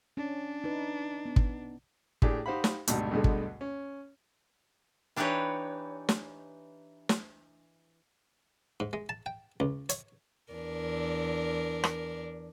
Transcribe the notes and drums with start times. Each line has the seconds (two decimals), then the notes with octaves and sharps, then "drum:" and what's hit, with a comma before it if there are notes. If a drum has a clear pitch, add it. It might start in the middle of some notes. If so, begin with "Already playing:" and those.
0.17 C#4 D4
0.64 D#4 B4
1.25 B3
1.36 drum: kick
2.22 A2 D4 G4 G#4, drum: kick
2.46 D#4 G4 C5 F5 F#5 B5
2.64 drum: snare
2.87 G#1 D2 B2 G3, drum: hi-hat
3.11 D2 G2 B2 D3 G#3
3.24 drum: kick
3.61 C#4
5.16 E3 D4 D#4 G4 B4 C#5
6.09 drum: snare
7.09 drum: snare
8.80 G#2
8.93 G#3
9.09 A5
9.26 G5
9.60 C#2
9.89 C#5, drum: hi-hat
10.53 E2 D4 A#4
11.84 drum: rim click